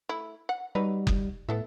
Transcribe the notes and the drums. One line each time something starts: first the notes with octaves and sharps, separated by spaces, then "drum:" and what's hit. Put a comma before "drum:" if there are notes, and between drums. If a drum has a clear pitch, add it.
A3 E4
F#5
F#3 G3 D#4 B4
drum: kick F#1
A2 B3 A4 E5